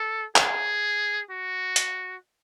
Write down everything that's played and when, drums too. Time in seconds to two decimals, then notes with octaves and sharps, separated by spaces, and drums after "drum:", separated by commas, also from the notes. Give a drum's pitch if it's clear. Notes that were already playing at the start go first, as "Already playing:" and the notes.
Already playing: A4
0.36 G#4, drum: clap
1.30 F#4
1.76 drum: hi-hat